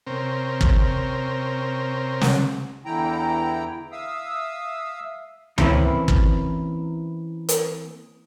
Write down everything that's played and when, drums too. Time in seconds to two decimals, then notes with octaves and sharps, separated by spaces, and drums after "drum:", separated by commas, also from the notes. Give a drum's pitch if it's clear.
0.07 C3 C4 C#4 A#4
0.61 drum: kick
2.21 drum: snare
2.85 E2 D3 E3 E4 G5 A#5
3.92 E5 F5 D#6 E6
5.58 E3 A#3 C4 C#4 E4 B4, drum: tom C#2
6.08 drum: kick
7.49 drum: hi-hat